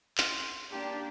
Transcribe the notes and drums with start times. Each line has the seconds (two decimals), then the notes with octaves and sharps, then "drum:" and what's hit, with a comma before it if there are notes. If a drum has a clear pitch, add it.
0.18 C6, drum: clap
0.71 A#3 D4 G4 G5 A5